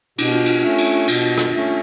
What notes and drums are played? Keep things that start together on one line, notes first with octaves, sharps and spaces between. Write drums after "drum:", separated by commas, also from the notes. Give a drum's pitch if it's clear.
B2 D4, drum: cymbal
F4
D4, drum: cymbal
A3 C#4
drum: cymbal
B2, drum: cymbal
drum: rim click
A3 C#4